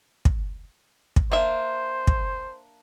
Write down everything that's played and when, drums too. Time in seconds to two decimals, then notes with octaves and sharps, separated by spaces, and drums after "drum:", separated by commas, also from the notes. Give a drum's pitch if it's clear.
0.25 drum: kick
1.16 drum: kick
1.32 A#3 D4 C5 E5
2.07 drum: kick